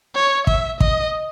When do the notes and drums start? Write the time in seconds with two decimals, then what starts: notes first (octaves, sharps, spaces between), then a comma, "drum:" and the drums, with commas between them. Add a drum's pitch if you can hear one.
0.15 C#5
0.47 E5, drum: kick
0.80 D#5, drum: kick